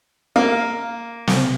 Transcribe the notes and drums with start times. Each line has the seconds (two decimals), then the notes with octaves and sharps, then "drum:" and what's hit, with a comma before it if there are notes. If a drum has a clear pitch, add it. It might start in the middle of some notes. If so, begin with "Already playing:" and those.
0.36 A#3 F5
1.27 drum: snare